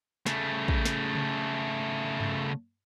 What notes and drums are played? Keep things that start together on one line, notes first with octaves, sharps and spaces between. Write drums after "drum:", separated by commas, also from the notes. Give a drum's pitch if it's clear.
C#3 A3, drum: snare
drum: kick
drum: snare
drum: tom C#3
drum: tom G2